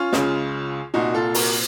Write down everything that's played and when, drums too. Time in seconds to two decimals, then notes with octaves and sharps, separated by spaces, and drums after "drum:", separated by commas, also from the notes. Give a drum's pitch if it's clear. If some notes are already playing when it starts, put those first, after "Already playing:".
Already playing: C#4 F4
0.13 C#2 C#3, drum: snare
0.94 C2 A#2 D#4 F#4
1.14 F4 A4
1.34 F#4 A#4, drum: open hi-hat